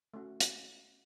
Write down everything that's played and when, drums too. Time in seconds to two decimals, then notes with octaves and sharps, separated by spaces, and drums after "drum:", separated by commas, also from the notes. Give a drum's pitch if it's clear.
0.14 A3 C#4 F#4
0.40 drum: hi-hat